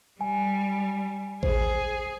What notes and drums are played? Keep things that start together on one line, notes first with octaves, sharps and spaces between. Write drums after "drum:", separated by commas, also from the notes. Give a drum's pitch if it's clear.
G3 G#5
G#4 C5, drum: kick A1